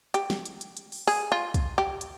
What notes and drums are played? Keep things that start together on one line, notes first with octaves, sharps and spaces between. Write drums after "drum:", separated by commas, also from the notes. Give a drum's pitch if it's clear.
G4, drum: hi-hat
drum: snare
drum: hi-hat
drum: hi-hat
drum: hi-hat
drum: open hi-hat
G#4, drum: open hi-hat
F4
drum: kick, hi-hat
G4
drum: hi-hat